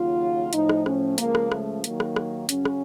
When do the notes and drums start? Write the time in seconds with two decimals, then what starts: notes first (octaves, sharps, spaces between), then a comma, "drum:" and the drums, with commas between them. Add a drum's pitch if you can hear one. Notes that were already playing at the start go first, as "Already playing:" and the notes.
Already playing: D#2 C#3 F#3 F4
0.53 A2 F3 D#4, drum: hi-hat
0.69 drum: rim click
0.86 C#4, drum: rim click
1.18 C#2 C#3 F3 A#3, drum: hi-hat
1.35 drum: rim click
1.52 A3, drum: rim click
1.84 D#2 D#3 F#3 A#3, drum: hi-hat
2.00 drum: rim click
2.16 drum: rim click
2.49 F#2 C#3 F#3 C#4, drum: hi-hat
2.65 drum: rim click